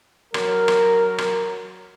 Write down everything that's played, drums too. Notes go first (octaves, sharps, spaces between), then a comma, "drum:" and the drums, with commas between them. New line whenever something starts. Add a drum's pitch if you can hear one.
F#3 A#4, drum: rim click
drum: rim click
drum: rim click